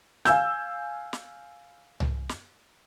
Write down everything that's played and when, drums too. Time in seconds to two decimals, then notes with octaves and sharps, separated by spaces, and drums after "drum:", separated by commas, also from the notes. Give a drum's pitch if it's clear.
0.25 F5 G#5 E6 G6, drum: snare
1.13 drum: snare
2.00 drum: tom C2
2.29 drum: snare